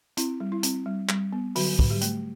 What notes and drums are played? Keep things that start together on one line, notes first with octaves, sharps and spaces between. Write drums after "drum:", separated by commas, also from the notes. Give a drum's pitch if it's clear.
C4 E4, drum: hi-hat
G3
E4
C4, drum: hi-hat
G3
G3, drum: clap
B3
D3 F#3 F#4, drum: open hi-hat
D3, drum: kick
G3 G4
A3, drum: hi-hat